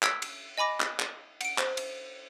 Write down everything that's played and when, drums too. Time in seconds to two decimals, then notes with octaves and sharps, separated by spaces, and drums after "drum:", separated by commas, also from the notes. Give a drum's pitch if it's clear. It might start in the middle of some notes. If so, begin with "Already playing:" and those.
0.03 E6 G#6 B6 D7, drum: clap
0.22 drum: cymbal
0.58 D#5 G#5 B5 D6 A#6
0.80 drum: clap
1.00 drum: clap
1.41 F#5 D7, drum: cymbal
1.58 C5, drum: clap
1.77 drum: cymbal